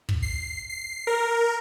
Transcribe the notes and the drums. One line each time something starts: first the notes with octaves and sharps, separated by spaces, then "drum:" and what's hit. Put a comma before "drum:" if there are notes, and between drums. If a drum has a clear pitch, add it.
drum: kick
C7
C7
A#4